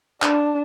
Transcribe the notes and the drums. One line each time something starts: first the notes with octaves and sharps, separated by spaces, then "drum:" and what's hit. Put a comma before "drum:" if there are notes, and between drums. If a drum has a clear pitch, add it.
D4, drum: clap